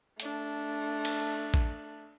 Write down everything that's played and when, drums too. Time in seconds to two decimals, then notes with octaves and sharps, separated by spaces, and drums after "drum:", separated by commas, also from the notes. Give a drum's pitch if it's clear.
0.20 A3 D4, drum: hi-hat
1.05 drum: cymbal
1.54 drum: kick A1